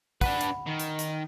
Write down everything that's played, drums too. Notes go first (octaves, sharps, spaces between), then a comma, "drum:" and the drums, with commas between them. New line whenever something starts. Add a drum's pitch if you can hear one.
D4 B4 F#5 B5, drum: kick, open hi-hat
drum: hi-hat
D#3
drum: hi-hat
drum: hi-hat